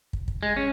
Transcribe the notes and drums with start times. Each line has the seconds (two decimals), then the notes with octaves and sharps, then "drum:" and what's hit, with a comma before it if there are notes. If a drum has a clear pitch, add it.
0.13 drum: kick
0.28 drum: kick
0.43 G#3
0.56 C#4